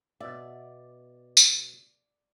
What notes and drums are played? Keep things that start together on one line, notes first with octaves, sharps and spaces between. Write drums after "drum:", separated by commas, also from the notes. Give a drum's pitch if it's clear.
B2 D5 E5
drum: tambourine